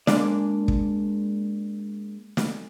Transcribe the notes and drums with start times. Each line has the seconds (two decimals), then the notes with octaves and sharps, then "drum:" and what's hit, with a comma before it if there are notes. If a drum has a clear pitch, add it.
0.07 G#3 A#3 D4 D5, drum: snare
0.68 drum: kick
2.37 drum: snare